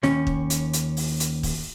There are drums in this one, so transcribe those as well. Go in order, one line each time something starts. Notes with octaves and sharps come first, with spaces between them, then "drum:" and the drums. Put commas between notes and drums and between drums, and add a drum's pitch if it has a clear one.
D#2 C#4, drum: snare
drum: kick
drum: hi-hat
drum: hi-hat
drum: open hi-hat
drum: hi-hat
drum: kick, open hi-hat